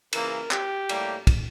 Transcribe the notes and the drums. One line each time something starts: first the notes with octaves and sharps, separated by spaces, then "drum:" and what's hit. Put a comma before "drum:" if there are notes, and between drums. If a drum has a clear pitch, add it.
C#3 E3 A#3 A#4, drum: cymbal
G4, drum: clap
A2 G3 A#3, drum: cymbal
drum: kick, cymbal